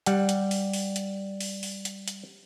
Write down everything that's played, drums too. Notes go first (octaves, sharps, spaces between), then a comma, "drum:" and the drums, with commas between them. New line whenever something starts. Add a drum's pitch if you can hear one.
G3 F#5, drum: hi-hat
drum: hi-hat
drum: open hi-hat
drum: open hi-hat
drum: hi-hat
drum: open hi-hat
drum: open hi-hat
drum: hi-hat
drum: hi-hat